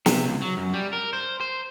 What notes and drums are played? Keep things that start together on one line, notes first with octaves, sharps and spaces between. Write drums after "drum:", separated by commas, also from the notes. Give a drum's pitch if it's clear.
C3, drum: snare
C#2
F#3
F#2
G3
A#4
C5
C5